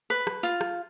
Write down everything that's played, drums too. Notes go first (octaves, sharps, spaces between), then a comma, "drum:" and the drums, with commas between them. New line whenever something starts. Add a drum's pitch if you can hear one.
B4
drum: rim click
F4
drum: rim click